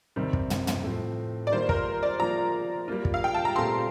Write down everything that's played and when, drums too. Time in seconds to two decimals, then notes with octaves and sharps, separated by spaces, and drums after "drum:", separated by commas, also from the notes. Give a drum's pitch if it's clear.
0.16 C3 D#3 G3 C4
0.33 drum: kick
0.50 drum: tom
0.67 drum: tom
0.84 A2 F3 C4
1.47 D5
1.51 D#3 G3 A#3 F4 C5
1.69 A#4, drum: kick
2.03 D5
2.19 F3 A#3 F4 A#5
2.88 G3 A#3 F4
3.05 drum: kick
3.14 F5
3.24 G5
3.34 A5
3.45 A#5
3.56 A#2 A3 C4 G4 C6